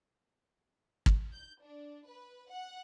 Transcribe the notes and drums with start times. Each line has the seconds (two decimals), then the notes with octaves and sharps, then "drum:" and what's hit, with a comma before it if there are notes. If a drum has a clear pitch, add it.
1.06 drum: kick
1.33 G6
1.62 D4
2.07 B4
2.50 F#5